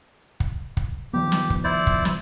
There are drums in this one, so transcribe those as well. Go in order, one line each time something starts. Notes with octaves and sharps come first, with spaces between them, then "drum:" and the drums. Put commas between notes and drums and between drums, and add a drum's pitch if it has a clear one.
drum: kick
drum: kick
D#3 F3 B3 G4
drum: snare
drum: kick
E4 C5 D5
drum: kick
drum: snare